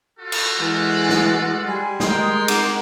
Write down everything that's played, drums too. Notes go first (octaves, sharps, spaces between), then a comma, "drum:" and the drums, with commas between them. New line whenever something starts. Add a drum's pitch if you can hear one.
F4 F#4 A4
drum: cymbal
E3 G#3 F#5 G#5
drum: snare
G3 G#5 C6
G#3 A#4 D#5 G5 C6 D#6, drum: snare
D#4 G#4 F#5 D6, drum: cymbal